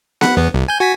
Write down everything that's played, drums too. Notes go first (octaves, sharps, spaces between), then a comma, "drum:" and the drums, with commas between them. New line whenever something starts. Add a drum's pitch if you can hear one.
F#5 B5, drum: snare B3
E2 B3
C2
G#5 G6
F#4 G#5 B6